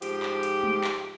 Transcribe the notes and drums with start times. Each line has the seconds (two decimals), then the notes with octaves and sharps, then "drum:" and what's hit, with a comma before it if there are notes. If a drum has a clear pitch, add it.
0.02 G#2 F3 G4, drum: hi-hat
0.23 drum: clap
0.43 drum: hi-hat
0.63 drum: tom G#3
0.84 drum: clap